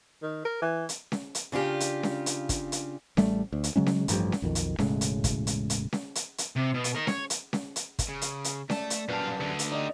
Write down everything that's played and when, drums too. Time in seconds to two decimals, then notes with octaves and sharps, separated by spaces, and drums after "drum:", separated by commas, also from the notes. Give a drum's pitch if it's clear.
0.22 D#3
0.45 A#4
0.62 E3
0.89 drum: hi-hat
1.12 drum: snare C#4
1.35 drum: hi-hat
1.52 C#3 D4 F4 G4
1.80 drum: hi-hat
2.03 drum: snare C#4
2.26 drum: hi-hat
2.49 drum: kick, hi-hat
2.72 drum: hi-hat
3.17 A1 G3 A3, drum: snare C#4
3.52 D2
3.64 drum: hi-hat
3.76 C#3 F#3 G#3 C#4
3.86 drum: snare C#4
4.08 A1 G2 F3 G3, drum: hi-hat
4.32 drum: snare C#4
4.42 B1 F2 D#3
4.55 drum: hi-hat
4.78 E1 A2 C#3 G#3, drum: snare C#4
5.01 drum: hi-hat
5.24 drum: kick, hi-hat
5.47 drum: hi-hat
5.70 drum: hi-hat
5.93 drum: snare C#4
6.15 drum: hi-hat
6.38 drum: hi-hat
6.56 C3
6.74 B2
6.84 drum: hi-hat
6.95 A#4 D#5
7.07 C#5, drum: snare C#4
7.30 drum: hi-hat
7.53 drum: snare C#4
7.76 drum: hi-hat
7.99 drum: kick, hi-hat
8.09 C#3
8.21 drum: hi-hat
8.44 drum: hi-hat
8.70 A3 D5 A5, drum: snare C#4
8.90 drum: hi-hat
9.09 F#2 A#2 G3 B4 F5 A5
9.40 D2 D3
9.59 drum: hi-hat
9.72 D#4 G4 D5 D#5